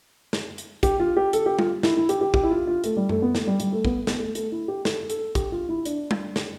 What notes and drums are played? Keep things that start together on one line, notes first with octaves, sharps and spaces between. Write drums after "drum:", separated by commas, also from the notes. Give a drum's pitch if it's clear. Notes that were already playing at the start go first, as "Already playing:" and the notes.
drum: snare
drum: hi-hat
G4, drum: kick, hi-hat
F4
G4
A4, drum: hi-hat
G4
F4, drum: tom G3
E4, drum: snare
E4
G4, drum: hi-hat
G4
G4, drum: kick
E4
F4
F4
A3, drum: hi-hat
G3
A3, drum: tom F#2
B3
A3, drum: snare
G3
G3, drum: hi-hat
A3
B3, drum: kick
B3, drum: snare
A3
A3, drum: hi-hat
E4
G4
A4, drum: snare
A4, drum: hi-hat
G4, drum: kick, hi-hat
F4
E4
D4, drum: hi-hat
drum: tom G3
drum: snare